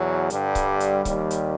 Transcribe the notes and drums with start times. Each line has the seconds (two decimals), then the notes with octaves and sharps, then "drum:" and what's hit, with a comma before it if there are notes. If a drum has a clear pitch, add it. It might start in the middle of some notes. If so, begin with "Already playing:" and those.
Already playing: E2 B2 F#3
0.30 G2 D3 G3, drum: hi-hat
0.55 drum: kick C#1, hi-hat
0.80 drum: hi-hat
1.05 D#2 D#3, drum: kick C#1, hi-hat
1.31 drum: hi-hat